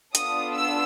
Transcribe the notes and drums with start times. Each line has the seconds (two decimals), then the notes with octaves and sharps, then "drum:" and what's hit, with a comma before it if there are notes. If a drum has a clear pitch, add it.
0.15 B3 D4 F4 A4 D#6, drum: hi-hat
0.55 E6